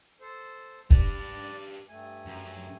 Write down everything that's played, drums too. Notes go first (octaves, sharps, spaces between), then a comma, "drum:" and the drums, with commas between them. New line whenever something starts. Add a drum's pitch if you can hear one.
A4 C5
D4 G4 B4 D5, drum: kick
G2 A3 G#5
F#2